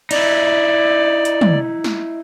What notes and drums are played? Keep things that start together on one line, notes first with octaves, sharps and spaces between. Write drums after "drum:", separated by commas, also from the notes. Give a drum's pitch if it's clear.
D#4 E4 D5, drum: cymbal
drum: hi-hat
drum: tom
drum: snare